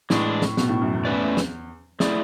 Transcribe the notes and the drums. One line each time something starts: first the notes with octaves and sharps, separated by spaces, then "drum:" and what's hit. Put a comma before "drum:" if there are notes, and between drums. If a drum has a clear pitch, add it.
A2 E3 G#3 D4, drum: snare
drum: snare
B2, drum: snare
A2
F#2
E2
A3 C#4 E4 B4 D5
drum: snare
A3 E4 G#4 D5, drum: snare